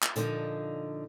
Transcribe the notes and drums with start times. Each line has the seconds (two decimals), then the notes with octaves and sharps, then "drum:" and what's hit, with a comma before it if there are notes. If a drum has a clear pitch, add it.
0.03 drum: clap
0.16 A#2 D3 F3 D#4, drum: hi-hat